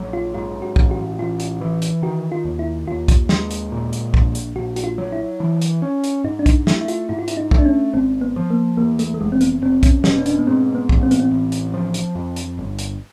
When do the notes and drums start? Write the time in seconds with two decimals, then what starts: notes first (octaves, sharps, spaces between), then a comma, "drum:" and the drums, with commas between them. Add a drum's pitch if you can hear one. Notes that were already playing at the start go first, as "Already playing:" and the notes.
Already playing: A#1 F#3
0.13 F4
0.34 G#2 F4
0.62 F#4
0.76 A1, drum: kick
0.91 F#4
1.19 A1 F4
1.40 drum: hi-hat
1.61 E3
1.82 drum: hi-hat
2.02 D#3 F#4
2.32 F4
2.45 D#2
2.59 E4
2.87 D#2 F4
3.08 drum: kick, hi-hat
3.29 G#3, drum: snare
3.51 drum: hi-hat
3.72 A#2
3.93 drum: hi-hat
4.14 A#1, drum: kick
4.35 drum: hi-hat
4.56 A#1 F#4
4.76 F#4, drum: hi-hat
4.84 F4
4.98 F#3
5.12 E4
5.40 E3
5.61 drum: hi-hat
5.82 C#4
6.04 drum: hi-hat
6.24 G#2 D#4
6.39 D4
6.46 D#4, drum: kick, hi-hat
6.67 A3 E4, drum: snare
6.81 E4
6.88 F4, drum: hi-hat
7.09 G#2 E4
7.19 F4
7.28 E4, drum: hi-hat
7.37 D#4
7.51 A3, drum: kick
7.58 D4
7.65 C#4
7.93 G#1 C4
8.21 B3
8.36 F3
8.50 A#3
8.77 E2 A#3
8.99 A3, drum: hi-hat
9.14 A3
9.20 F1 G#3
9.32 C4
9.41 B3, drum: hi-hat
9.62 F1 C4
9.83 C#4, drum: kick, hi-hat
10.04 B2 C#4, drum: snare
10.18 C#4
10.26 D4, drum: hi-hat
10.39 B3
10.47 G#2 C4
10.75 B3
10.89 A1, drum: kick
11.03 C4
11.11 B3, drum: hi-hat
11.20 C4
11.31 A1
11.52 drum: hi-hat
11.74 F3
11.94 drum: hi-hat
12.15 F2
12.36 drum: hi-hat
12.57 G1
12.79 drum: hi-hat